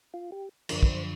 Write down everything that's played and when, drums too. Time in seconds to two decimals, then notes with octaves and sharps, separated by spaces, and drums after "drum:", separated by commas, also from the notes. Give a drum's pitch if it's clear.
0.14 F4
0.32 G4
0.69 F#2 D3 F3 A#4, drum: cymbal
0.83 B4, drum: kick
0.88 C5